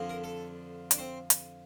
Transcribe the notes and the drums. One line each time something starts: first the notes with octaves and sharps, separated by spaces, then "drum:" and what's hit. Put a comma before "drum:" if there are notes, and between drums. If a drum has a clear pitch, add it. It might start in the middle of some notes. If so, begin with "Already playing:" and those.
Already playing: F2 D3 F3
A#4
A4
D4, drum: hi-hat
C4
drum: hi-hat